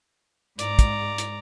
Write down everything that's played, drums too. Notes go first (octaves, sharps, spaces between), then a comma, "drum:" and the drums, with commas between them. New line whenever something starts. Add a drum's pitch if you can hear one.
G#2 D5 A#5, drum: hi-hat
drum: kick, hi-hat
drum: hi-hat